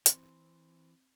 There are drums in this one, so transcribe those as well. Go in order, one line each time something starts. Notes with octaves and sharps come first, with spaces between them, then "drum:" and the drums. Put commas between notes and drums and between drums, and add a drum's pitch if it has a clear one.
E3 C4, drum: hi-hat